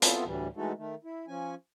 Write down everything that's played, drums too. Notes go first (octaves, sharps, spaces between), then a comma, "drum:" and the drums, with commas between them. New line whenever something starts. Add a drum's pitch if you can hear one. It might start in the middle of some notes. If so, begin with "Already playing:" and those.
B3 C4 E4 F4 A4, drum: hi-hat
D2 A2 E3 G3
E3 G#3 A3 D#4 F#4 A4
D#3 A3
E4
F3 C#4 G#5